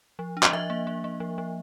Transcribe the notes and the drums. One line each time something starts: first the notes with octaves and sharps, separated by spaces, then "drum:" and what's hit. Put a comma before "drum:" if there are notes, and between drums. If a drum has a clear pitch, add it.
F3
D4
D#5, drum: clap
F3 E5
A#3
A#3
A#3
F3
F3